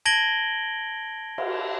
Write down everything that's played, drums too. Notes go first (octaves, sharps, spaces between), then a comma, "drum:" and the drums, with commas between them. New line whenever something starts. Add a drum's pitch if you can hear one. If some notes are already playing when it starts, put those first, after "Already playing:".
A5 G#6 A#6 D7 F#7 G7
drum: cymbal